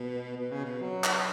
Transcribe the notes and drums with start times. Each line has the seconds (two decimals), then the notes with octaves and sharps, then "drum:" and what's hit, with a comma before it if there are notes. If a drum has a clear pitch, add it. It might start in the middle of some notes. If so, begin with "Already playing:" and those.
Already playing: B2
0.37 B2
0.51 C#3
0.64 B2
0.81 F#3
1.04 drum: clap